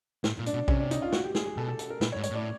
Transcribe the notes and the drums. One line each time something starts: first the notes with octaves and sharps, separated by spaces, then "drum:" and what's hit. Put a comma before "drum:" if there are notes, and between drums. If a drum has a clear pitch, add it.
A2, drum: snare
A#2
D4, drum: hi-hat
B2
C3 C#4, drum: kick A#1
D4
D#4, drum: hi-hat
F4
F#4, drum: snare
G4
G#4, drum: snare
G#4
B2 A4
A4
A4, drum: hi-hat
A#4
A#2 B4, drum: snare
C#5
G#2
C#5, drum: hi-hat
A2 D5